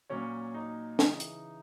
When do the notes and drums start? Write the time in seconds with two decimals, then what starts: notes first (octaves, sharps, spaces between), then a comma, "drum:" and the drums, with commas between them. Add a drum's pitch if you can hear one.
0.10 A#2 F#3 C#4 C#5
0.54 D#4
0.99 C#3 E3, drum: snare
1.20 drum: hi-hat